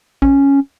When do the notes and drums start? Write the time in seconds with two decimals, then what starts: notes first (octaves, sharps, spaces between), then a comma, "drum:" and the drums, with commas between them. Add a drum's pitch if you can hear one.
0.22 C#4, drum: kick